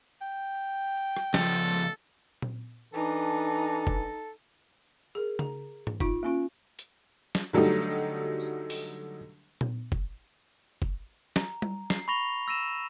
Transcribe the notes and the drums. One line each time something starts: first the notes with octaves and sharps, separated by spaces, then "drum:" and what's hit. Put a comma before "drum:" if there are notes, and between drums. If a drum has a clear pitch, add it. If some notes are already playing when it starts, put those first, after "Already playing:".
G5
drum: rim click
C#2 F3 A4, drum: snare
drum: tom A#2
E3 D4 D#4 A4
drum: kick
G#4 A#4
A#5, drum: tom C#3
drum: tom G#2
D#4 F4 D6, drum: kick
A#3 C#4 F4
drum: hi-hat
drum: snare
D3 F#3 G3 A3 D#4
drum: tambourine
drum: open hi-hat
drum: tom A#2
drum: kick
drum: kick
A#5, drum: snare
drum: tom G3
C7, drum: snare
B5 C#6 A#6 F7 G7
E6 A#6 D#7 E7